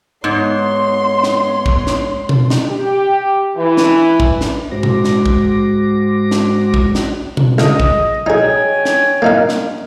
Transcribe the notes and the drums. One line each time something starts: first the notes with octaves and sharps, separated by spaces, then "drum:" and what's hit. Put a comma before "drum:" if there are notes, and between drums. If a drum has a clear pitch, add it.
G#2 B3 C#5 C6
drum: snare
drum: kick
drum: snare
drum: tom B2
drum: snare
G4
E3
drum: snare
drum: kick
drum: snare
G#2 G#3 F#4 C5 D6 A#6
drum: tom A#2
drum: snare
drum: kick
drum: snare
drum: kick
drum: snare
drum: tom B2
C#2 D#5, drum: snare
drum: kick
D#4 G#4 C#5 G5 G#5
drum: snare
A#3 D#4 F5
drum: snare